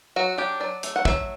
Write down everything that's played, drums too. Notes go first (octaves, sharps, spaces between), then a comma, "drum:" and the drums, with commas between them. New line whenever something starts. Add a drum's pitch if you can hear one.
F#3 F#4
D4 G4
F#3 D5
A3, drum: hi-hat
F#5
F#3 E5, drum: kick